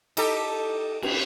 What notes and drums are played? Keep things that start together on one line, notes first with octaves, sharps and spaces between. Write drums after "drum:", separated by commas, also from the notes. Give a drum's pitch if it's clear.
D#4 G4 A4, drum: cymbal
drum: cymbal